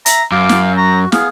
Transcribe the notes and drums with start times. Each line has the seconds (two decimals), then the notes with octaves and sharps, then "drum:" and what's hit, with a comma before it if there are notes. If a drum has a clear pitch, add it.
0.06 E5 A#5, drum: hi-hat
0.32 F#2 F5 D6
0.49 drum: snare
0.77 F#4 A#5
1.12 B3 G#4 F5, drum: snare